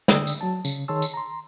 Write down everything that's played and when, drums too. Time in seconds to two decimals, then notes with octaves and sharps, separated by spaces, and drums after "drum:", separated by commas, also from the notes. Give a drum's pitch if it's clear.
0.08 D3 D5 G5 D#6 E6, drum: snare
0.27 drum: tambourine
0.41 F#3 A5
0.65 C#3, drum: tambourine
0.88 D#3 G#4 C#5 A5 C6 E6
1.02 drum: tambourine
1.14 A#5 C6